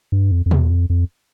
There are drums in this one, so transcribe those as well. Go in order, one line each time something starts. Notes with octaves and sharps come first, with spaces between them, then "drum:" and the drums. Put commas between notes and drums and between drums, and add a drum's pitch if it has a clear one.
G2
F2
F2
E2, drum: tom
F2
F2